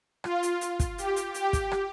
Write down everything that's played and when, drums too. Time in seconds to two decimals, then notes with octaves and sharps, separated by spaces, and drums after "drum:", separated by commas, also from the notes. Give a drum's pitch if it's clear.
0.24 F4, drum: rim click
0.43 drum: hi-hat
0.61 drum: hi-hat
0.80 drum: kick, hi-hat
0.98 G4, drum: hi-hat
1.16 drum: hi-hat
1.34 G4, drum: hi-hat
1.53 drum: kick, hi-hat
1.72 drum: rim click